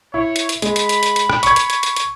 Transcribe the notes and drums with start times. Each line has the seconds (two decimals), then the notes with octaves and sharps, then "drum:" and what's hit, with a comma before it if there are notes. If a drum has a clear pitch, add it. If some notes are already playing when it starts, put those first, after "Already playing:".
0.14 E4 C#5
0.36 drum: hi-hat
0.49 drum: hi-hat
0.62 G#3 B5, drum: hi-hat
0.76 drum: hi-hat
0.89 drum: hi-hat
1.03 drum: hi-hat
1.16 drum: hi-hat
1.29 drum: rim click
1.43 C#6 G#6, drum: hi-hat
1.56 drum: hi-hat
1.70 drum: hi-hat
1.83 drum: hi-hat
1.96 drum: hi-hat